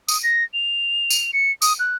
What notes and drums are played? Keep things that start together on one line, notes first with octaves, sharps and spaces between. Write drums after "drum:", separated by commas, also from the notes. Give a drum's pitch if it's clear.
D#6, drum: tambourine
A#6
F7
drum: tambourine
C#7
D#6, drum: tambourine
F#6